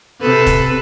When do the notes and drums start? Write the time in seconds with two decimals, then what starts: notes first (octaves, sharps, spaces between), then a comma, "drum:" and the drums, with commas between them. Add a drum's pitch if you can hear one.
0.21 C3 A4 B4
0.46 drum: kick, hi-hat